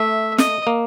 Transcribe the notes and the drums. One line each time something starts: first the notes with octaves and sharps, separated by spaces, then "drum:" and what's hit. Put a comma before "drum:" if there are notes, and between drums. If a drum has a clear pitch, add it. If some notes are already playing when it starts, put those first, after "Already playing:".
Already playing: A3 E5
D#5, drum: snare
A#3